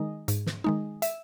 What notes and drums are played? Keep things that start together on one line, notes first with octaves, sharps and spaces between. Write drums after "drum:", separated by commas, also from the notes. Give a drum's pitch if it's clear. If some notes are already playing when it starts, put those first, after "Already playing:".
Already playing: D#3 G#3 D#4
G#2, drum: hi-hat
drum: snare
D#3 G#3 D#4
E5, drum: hi-hat